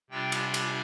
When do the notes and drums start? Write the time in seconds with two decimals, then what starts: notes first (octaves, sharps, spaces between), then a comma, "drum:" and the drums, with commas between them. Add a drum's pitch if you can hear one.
0.10 C3 G3 D4 F4 G5
0.32 drum: cymbal
0.54 drum: cymbal